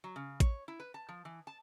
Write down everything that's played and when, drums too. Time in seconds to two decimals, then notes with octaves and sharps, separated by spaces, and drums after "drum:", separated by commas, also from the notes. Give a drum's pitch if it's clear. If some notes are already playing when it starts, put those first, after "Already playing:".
0.04 F#3
0.16 C#3
0.40 C#5, drum: kick A1, hi-hat
0.68 E4
0.80 B4
0.94 A5
1.09 F3
1.25 E3
1.47 A5